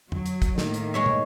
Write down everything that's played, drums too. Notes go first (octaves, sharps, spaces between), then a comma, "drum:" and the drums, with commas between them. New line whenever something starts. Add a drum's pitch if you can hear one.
F#3, drum: tom F2
drum: hi-hat
drum: kick, hi-hat
A2 D#3 A#3, drum: snare
drum: hi-hat
G#3 C#5 E5
drum: tom